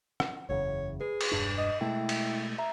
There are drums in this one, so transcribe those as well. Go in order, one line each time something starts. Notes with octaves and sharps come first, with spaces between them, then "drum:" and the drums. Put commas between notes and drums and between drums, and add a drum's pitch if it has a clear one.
drum: rim click
F#1 E2 C#3 C#5
G#4 B4
drum: cymbal
E1 G2 D4
D#5
B2 G#3 A3 E4 G5
drum: cymbal
E5 A#5